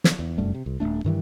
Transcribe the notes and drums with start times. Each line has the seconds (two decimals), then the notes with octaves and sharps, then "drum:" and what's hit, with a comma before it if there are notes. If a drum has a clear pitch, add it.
0.04 drum: snare
0.19 E2
0.38 F1 F#2 G3 A3
0.55 C3
0.66 C2
0.80 D#1 A2 A3 D4
1.04 G2 D#3 E3 G3